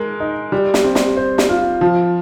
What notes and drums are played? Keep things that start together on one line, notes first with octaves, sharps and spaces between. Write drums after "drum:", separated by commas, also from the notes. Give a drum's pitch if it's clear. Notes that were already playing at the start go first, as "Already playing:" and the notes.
Already playing: G#3 A#4
D#4
G3
drum: snare
C4
drum: snare
C5
drum: snare
F4
F3